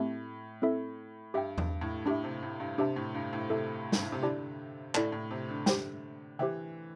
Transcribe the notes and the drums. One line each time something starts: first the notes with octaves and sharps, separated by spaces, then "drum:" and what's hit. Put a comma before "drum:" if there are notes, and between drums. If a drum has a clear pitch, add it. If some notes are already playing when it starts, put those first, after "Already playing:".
Already playing: A2 A3 C4 G4 E5 A5
C4 E4 A4 E5
G2 G4 E5 G5
G2, drum: tom E2
A2
A2 D4 G4 E5
C3
A2
G2
C3 D4 G4 E5 A5
A2
G2
A2
C3 E4 A4 E5
G2, drum: snare
A2
C3
D3 E4 G4 D5 A5
A2 E4 A4 D5 A5, drum: clap
A2
C3
D3
G4 C5 G5, drum: snare
E3 G4 C5 E5 G5